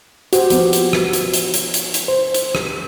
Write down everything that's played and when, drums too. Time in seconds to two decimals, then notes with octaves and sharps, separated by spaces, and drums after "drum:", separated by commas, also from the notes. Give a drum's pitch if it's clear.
0.33 F#4 G4 C5, drum: hi-hat
0.50 F3 B3 C4, drum: hi-hat
0.73 drum: hi-hat
0.93 drum: rim click
1.13 drum: hi-hat
1.34 drum: hi-hat
1.54 drum: hi-hat
1.74 drum: hi-hat
1.94 drum: hi-hat
2.08 C5
2.34 drum: hi-hat
2.55 drum: rim click